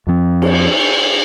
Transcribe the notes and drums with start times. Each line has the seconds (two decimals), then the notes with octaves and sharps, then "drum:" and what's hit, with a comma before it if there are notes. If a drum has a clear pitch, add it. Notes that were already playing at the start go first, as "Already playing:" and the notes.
0.07 F2 F3 C4
0.42 drum: cymbal